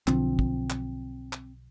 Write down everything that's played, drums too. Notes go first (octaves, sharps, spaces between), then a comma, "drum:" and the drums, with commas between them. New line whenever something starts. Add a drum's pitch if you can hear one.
B1 D3 F3 C4, drum: clap
drum: kick
drum: clap
drum: clap